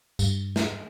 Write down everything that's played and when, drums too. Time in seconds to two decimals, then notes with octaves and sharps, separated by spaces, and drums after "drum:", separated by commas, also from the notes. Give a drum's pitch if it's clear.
0.19 G2, drum: tambourine
0.56 drum: snare